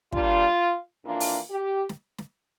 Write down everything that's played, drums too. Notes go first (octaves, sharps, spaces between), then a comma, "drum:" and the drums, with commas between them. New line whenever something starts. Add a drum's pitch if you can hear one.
A#2 G3 D4 F4, drum: kick
F2 E3 A#3 D4 F4
drum: open hi-hat
G4
drum: snare
drum: snare